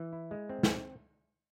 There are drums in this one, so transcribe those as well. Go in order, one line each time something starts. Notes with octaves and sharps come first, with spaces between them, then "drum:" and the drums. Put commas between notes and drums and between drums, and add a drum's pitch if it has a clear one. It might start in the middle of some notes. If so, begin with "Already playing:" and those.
Already playing: E3
E4
G#3
C4
drum: snare